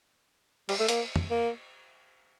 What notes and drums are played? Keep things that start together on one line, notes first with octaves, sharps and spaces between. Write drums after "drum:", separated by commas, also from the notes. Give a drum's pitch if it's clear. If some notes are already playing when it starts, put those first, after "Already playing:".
G3, drum: cymbal
A3
A#3, drum: hi-hat
drum: tom
A#3